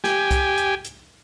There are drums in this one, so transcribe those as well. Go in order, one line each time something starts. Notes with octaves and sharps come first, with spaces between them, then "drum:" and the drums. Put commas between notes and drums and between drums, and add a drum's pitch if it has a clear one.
G4 G#5, drum: snare
drum: kick, hi-hat
drum: hi-hat
drum: hi-hat